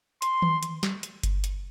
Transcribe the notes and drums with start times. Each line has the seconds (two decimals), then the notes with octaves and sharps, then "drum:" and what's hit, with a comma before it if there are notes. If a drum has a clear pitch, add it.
0.22 C6, drum: hi-hat
0.42 drum: tom D#3
0.63 drum: hi-hat
0.83 drum: snare
1.03 drum: hi-hat
1.23 drum: kick G1, hi-hat
1.44 drum: hi-hat